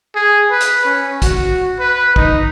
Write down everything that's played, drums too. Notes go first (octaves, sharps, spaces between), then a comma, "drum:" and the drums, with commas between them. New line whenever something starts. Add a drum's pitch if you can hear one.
G#4
B4
drum: hi-hat
C#4
F#4, drum: kick, hi-hat
B4
D#4, drum: kick